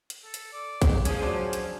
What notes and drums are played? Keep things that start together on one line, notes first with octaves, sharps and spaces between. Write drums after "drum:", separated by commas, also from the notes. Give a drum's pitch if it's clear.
drum: hi-hat
A4
drum: hi-hat
D5
drum: kick, hi-hat
F3 C#4 G#4 G#5, drum: hi-hat
F#3 D4 C5
drum: hi-hat